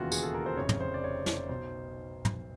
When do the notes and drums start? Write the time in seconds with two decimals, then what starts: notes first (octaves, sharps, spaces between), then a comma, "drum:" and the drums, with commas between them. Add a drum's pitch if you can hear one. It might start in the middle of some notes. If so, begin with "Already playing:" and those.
Already playing: E1 D#2 C#3 E3 F4 F#4
0.12 G#4, drum: tambourine
0.23 A4
0.34 A#4
0.46 C5
0.57 F1 F2 C#3 C#5
0.69 drum: tom
0.81 C5
0.94 D5
1.04 C#5
1.26 D5, drum: snare
1.49 B1 B2 C5
2.25 drum: tom